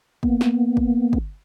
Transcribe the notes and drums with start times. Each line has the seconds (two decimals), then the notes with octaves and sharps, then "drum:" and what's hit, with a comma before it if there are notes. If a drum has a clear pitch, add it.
0.23 A#3 B3, drum: kick
0.41 drum: snare
0.77 drum: kick
1.13 drum: kick